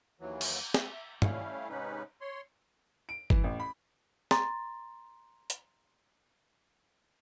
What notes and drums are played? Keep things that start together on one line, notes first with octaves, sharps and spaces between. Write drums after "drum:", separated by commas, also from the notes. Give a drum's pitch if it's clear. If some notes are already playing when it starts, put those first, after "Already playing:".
D#2 E3 F#3
drum: cymbal
E5, drum: snare
G3 A3 C#4 E4 F5, drum: tom
G#2 C3 C#4 D#4 B4
C#5 C6
D7
E3, drum: kick G1
A1
B5
A#5 C6 A6, drum: snare
drum: hi-hat